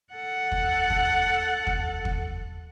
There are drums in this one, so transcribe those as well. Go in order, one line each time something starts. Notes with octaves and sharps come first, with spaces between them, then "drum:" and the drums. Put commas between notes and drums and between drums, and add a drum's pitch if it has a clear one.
A4 F#5
drum: kick
drum: kick
drum: kick
drum: kick